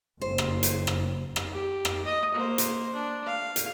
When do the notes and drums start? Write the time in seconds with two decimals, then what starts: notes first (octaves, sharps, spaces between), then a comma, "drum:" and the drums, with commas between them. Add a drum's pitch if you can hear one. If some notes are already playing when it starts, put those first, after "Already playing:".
0.22 F#1 C5
0.38 drum: rim click
0.63 drum: hi-hat
0.87 drum: rim click
1.36 drum: rim click
1.52 G4
1.85 drum: rim click
2.05 D#5
2.34 A#3 C5
2.58 drum: hi-hat
2.94 D4
3.26 F5
3.56 drum: hi-hat